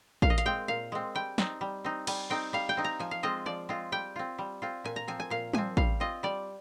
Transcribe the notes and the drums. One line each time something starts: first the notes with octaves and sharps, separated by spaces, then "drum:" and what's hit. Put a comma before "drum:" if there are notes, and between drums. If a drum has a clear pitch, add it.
A#2 F5, drum: kick A1
D#5
F5, drum: hi-hat
G#3 C4 G5
A#2 F5
G#3 C4
G3 G5
C4 D#4, drum: snare
G3
C4 D#4
G3 G#5, drum: cymbal
C4 D#4 G5
G3 F5
G5
C4 D#4
A#5
F3 G#5
F5
G#3 C4 F4 D#5
F3 D5
G#3 C4 F4
G3 G5
C4 F4
G3
C4 F4
A#2 G#5
A#5
F3 C4 G#5
G#5
A#2 F5
F3 C4 G#5, drum: tom
G3 F5, drum: kick A1
C4 F4 D#5
G3 D5